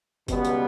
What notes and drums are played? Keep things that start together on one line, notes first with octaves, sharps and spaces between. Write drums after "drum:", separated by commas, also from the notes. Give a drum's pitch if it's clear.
C#2 B2 G3 B3, drum: kick F#1, hi-hat
drum: hi-hat